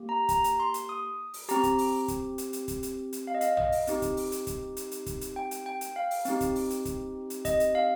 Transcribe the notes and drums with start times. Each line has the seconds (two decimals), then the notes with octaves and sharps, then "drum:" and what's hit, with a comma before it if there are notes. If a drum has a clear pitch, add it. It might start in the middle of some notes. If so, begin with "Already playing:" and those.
Already playing: A#3 G4
0.09 A#5
0.29 A#5, drum: kick, hi-hat
0.44 drum: hi-hat
0.60 C6
0.74 drum: hi-hat
0.89 D#6
1.34 drum: open hi-hat
1.49 C4 G4 A#5, drum: hi-hat
1.63 drum: kick, hi-hat
1.78 drum: open hi-hat
2.08 drum: kick, hi-hat
2.38 drum: hi-hat
2.53 drum: hi-hat
2.68 drum: kick, hi-hat
2.83 drum: hi-hat
3.13 drum: hi-hat
3.27 F5
3.34 D#5
3.41 F5, drum: hi-hat
3.57 D#5, drum: tom A#1
3.72 drum: open hi-hat
3.87 C4 D#4 G4, drum: hi-hat
4.02 drum: kick, hi-hat
4.17 drum: open hi-hat
4.32 drum: hi-hat
4.47 drum: kick, hi-hat
4.77 drum: hi-hat
4.91 drum: hi-hat
5.06 drum: kick, hi-hat
5.21 drum: hi-hat
5.36 G5
5.51 drum: hi-hat
5.66 G5
5.81 drum: hi-hat
5.96 F5
6.11 drum: open hi-hat
6.25 C4 D#4 G4, drum: hi-hat
6.41 drum: kick, hi-hat
6.55 drum: open hi-hat
6.70 drum: hi-hat
6.85 drum: kick, hi-hat
7.30 drum: hi-hat
7.45 D#5, drum: kick, hi-hat
7.60 drum: hi-hat
7.75 F5